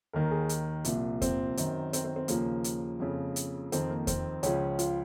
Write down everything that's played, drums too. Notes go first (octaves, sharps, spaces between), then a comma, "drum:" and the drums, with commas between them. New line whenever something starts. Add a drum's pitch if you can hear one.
D#2 D#3 A#4
G#4
drum: hi-hat
C2 A#2 F3, drum: hi-hat
C4, drum: kick E2, hi-hat
F#2 D#3, drum: hi-hat
C4, drum: hi-hat
C4
C4
D#2 C#3 F3 A#3, drum: hi-hat
drum: hi-hat
F2 C#3 F3
drum: hi-hat
F2 D#3 C4, drum: hi-hat
A#3
C4, drum: kick E2, hi-hat
C#2 C#3 F3 C#4, drum: hi-hat
F4, drum: hi-hat